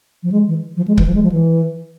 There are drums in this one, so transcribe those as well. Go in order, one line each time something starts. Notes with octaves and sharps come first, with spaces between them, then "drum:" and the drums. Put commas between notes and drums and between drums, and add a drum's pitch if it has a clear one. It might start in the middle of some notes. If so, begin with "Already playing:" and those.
F3
G#3
E3
F3
G#3
E3, drum: kick C#1
F3
G#3
F3
E3